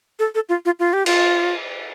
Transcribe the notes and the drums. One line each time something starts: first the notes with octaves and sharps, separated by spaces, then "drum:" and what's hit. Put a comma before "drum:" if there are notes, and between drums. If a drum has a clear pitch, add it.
A4
A4
F4
F4
F4
G4
F4, drum: cymbal